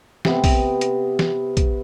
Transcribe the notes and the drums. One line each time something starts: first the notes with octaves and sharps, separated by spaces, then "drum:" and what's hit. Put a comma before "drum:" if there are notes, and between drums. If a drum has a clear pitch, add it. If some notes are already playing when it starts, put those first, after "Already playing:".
C3 B3, drum: snare
drum: kick, open hi-hat
drum: hi-hat
drum: snare
drum: kick, hi-hat